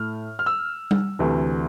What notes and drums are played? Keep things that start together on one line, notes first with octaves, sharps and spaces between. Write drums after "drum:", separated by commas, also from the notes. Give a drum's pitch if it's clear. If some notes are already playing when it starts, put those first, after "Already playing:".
Already playing: A2 F6
F6
E6
drum: tom G3
D2 C3 E3 A3